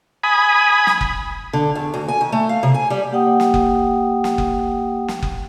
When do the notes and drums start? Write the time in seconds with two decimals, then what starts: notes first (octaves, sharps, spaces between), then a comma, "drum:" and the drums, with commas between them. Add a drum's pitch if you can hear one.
0.23 G#5 B5 D#6
0.87 drum: snare
1.01 drum: kick F#1
1.53 D3
1.75 E2
1.94 D2
2.08 G#5
2.21 D#3
2.32 A3
2.49 F5
2.63 C3
2.74 G#5
2.90 G3
3.12 A#3 G4 F#5 G5 D#6
3.40 drum: snare
3.54 drum: kick F#1
4.24 drum: snare
4.38 drum: kick F#1
5.08 drum: snare
5.22 drum: kick F#1